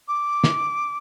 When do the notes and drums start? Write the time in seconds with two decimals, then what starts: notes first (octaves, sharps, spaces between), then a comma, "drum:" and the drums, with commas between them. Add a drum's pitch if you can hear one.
0.08 D6
0.44 drum: snare